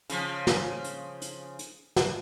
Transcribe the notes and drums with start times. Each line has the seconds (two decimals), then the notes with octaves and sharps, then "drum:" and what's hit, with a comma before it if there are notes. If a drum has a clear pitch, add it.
0.10 C#3 F3, drum: hi-hat
0.47 drum: snare
0.84 drum: hi-hat
1.22 drum: hi-hat
1.59 drum: hi-hat
1.96 drum: snare